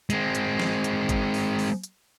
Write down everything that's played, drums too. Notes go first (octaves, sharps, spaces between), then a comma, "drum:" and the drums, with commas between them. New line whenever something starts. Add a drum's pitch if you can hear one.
G#3 C4, drum: hi-hat
drum: hi-hat
drum: snare
drum: hi-hat
drum: kick, hi-hat
drum: open hi-hat
drum: open hi-hat
drum: hi-hat